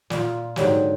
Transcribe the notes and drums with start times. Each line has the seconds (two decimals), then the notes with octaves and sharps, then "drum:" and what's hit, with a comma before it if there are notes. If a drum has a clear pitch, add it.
0.10 A#2 F4, drum: snare
0.56 G#2 D3 F#3 G4, drum: snare